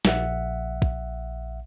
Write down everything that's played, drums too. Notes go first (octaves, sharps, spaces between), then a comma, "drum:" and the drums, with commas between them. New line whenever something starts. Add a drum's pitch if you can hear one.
A#1 E5 F#5, drum: snare
drum: kick